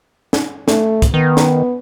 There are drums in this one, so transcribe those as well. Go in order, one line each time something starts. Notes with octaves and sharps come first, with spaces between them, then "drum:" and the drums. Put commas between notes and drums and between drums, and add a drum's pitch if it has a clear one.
drum: snare
A3, drum: snare
drum: kick, hi-hat
D#3 B3
drum: snare